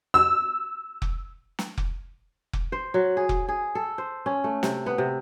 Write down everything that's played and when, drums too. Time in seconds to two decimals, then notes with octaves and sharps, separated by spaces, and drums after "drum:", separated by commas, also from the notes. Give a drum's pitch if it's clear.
0.14 E6
1.02 drum: kick F1
1.59 drum: snare
1.78 drum: kick F1
2.53 drum: kick F1
2.72 C5
2.94 F#3
3.17 G#4
3.29 drum: kick F1
3.48 G#4
3.75 A4
3.98 C5
4.26 C#4
4.44 A3
4.63 C3, drum: snare
4.86 B3
4.98 C3